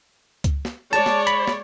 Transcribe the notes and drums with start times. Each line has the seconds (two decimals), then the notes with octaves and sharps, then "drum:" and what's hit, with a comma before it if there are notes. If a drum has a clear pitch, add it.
0.44 drum: kick C#2, hi-hat
0.65 drum: snare
0.93 G#3 C#5 D5 A5
1.06 drum: snare
1.27 B5, drum: hi-hat
1.47 drum: snare